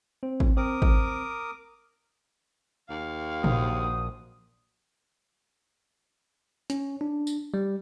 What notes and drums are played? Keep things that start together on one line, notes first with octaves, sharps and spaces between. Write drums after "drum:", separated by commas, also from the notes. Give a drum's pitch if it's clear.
C4
drum: kick G#1
C4 A#4 D6 D#6
drum: kick G#1
D#2 F5
A#1 F#4 C5 D#6, drum: tom A#2
C#4, drum: hi-hat
D4
drum: tambourine
G3